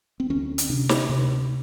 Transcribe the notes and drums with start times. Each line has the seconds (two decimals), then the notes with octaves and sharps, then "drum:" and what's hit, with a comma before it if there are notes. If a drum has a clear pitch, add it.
0.20 C4
0.30 D2 C#4
0.58 drum: hi-hat
0.70 C3 D4
0.89 drum: snare
1.09 C3